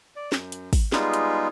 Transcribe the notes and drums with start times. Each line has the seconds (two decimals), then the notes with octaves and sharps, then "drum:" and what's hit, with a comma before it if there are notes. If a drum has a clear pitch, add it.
0.16 D5
0.32 F#2, drum: snare
0.52 drum: hi-hat
0.73 drum: kick G#1, open hi-hat
0.92 G3 G#3 B3 D#4 F4 G#4, drum: snare
1.13 drum: hi-hat